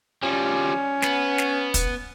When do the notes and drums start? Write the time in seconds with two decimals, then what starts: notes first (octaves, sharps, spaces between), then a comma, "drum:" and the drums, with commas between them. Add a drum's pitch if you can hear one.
0.23 F3 G3 C#4
1.02 B3, drum: snare
1.38 drum: snare
1.74 drum: kick, hi-hat